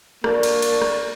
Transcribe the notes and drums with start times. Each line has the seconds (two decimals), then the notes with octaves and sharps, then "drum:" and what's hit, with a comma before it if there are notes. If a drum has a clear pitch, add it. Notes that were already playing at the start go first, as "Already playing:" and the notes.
0.24 A#3 D4 F#4 D5, drum: rim click
0.43 drum: cymbal
0.62 drum: cymbal
0.82 drum: rim click